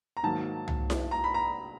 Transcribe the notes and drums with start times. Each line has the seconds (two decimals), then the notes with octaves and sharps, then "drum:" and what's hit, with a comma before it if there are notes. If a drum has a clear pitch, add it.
0.17 A#5
0.23 G#2 D#3 F#3 A#3 A5
0.68 drum: tom C2
0.90 drum: snare E4
1.11 A#5
1.24 B5
1.34 A#5